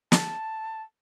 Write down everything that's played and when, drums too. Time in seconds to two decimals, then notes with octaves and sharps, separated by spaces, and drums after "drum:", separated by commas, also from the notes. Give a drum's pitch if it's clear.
0.12 A5, drum: snare